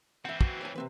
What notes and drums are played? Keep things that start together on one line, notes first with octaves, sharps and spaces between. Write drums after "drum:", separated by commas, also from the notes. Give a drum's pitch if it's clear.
E3 C4 E5 F#5
F#4, drum: kick
C#5 G#5
C3 C4 B4